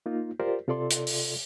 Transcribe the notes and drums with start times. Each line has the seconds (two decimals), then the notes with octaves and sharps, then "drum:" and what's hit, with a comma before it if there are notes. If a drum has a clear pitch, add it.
0.06 A#3 D#4 F4
0.40 F4 G4 A#4 C5 D5
0.68 C3 F4 A4 D5 C6
0.91 drum: hi-hat
1.07 drum: open hi-hat